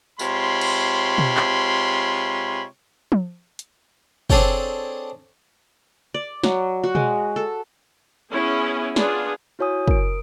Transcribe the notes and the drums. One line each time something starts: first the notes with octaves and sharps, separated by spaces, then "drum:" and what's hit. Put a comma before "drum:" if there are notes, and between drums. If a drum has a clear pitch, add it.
C3 G#3 F4 C#5 B5 C6, drum: tambourine
drum: cymbal
drum: tom B2
drum: clap
drum: tom F3
drum: hi-hat
C4 D4 G#4 A4 C#5 G5, drum: kick
D5
F#3, drum: snare
F#4
G#3, drum: tom B2
A4
B3 C#4 E4 G#4
B3 D4 F4 G#4, drum: snare
E4 F#4 C#5 G#5 D#6
A#4 D#6 D7, drum: kick